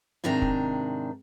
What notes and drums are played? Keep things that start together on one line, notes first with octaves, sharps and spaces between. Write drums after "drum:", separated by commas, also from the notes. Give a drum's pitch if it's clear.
G#2 C3 D#3 D4 A#5
drum: kick